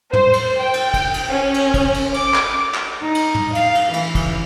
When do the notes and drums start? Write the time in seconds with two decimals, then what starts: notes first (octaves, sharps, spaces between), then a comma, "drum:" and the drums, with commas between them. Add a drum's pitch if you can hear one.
0.13 C5, drum: tom
0.34 drum: cymbal
0.59 G5
0.74 drum: cymbal
0.94 drum: kick, cymbal
1.14 drum: cymbal
1.30 C#4
1.54 drum: cymbal
1.74 drum: kick, cymbal
1.94 drum: cymbal
2.14 D6, drum: cymbal
2.34 drum: clap
2.74 drum: clap
3.02 D#4
3.15 drum: cymbal
3.35 drum: tom
3.55 F5, drum: cymbal
3.75 drum: cymbal
3.93 E3, drum: cymbal
4.15 drum: kick, cymbal